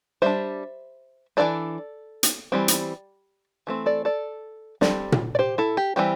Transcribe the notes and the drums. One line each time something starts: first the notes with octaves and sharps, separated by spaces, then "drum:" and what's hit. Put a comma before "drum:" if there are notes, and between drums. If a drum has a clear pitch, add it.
G3 D4 C5 E5
E3 A3 D4 A4 D5
drum: hi-hat
E3 G3 C4
drum: hi-hat
E3 A3 C4
A4 D5
A4 D5
G3 C4 A4 D5, drum: snare
drum: tom A#2
D5
G4 C5
E4 A4
G4
E3 G3 C4 G4